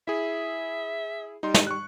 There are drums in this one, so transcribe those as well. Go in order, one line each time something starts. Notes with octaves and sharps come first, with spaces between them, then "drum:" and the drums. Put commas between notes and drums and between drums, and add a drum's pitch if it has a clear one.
E4 G#4 E5
G3 D#4 C6
drum: snare
C#6 F#6